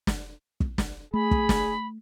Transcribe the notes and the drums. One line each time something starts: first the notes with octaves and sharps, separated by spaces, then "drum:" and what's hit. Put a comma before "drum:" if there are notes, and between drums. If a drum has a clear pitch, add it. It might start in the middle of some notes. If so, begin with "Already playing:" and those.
drum: snare
drum: kick
drum: snare
A3 G#4 B5
drum: kick
drum: snare